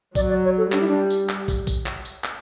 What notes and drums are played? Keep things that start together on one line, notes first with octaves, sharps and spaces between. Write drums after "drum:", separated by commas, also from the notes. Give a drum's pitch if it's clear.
F#3 D5, drum: kick, tambourine
D5
C#5
A4
G3 D4, drum: clap
E4
D4
drum: tambourine
drum: clap
drum: kick, tambourine
drum: kick, tambourine
drum: clap
drum: tambourine
drum: clap